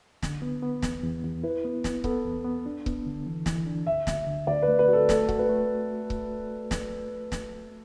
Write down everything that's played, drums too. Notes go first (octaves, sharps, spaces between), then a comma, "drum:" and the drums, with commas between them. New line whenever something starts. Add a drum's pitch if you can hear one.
D3, drum: snare
B3
B3
E2, drum: snare
E2
E2
E4 B4
B3
B3, drum: snare
B3 A4, drum: kick C#1
E2
B3
D4
B3, drum: kick C#1
D3
E3
E3, drum: snare
D4
D2 E5
D2, drum: snare
D3
D2 D5
B4
A3
B4
F#4 A4
A3 A4, drum: snare
F#4, drum: kick C#1
B4
A3
drum: kick C#1
drum: snare
drum: snare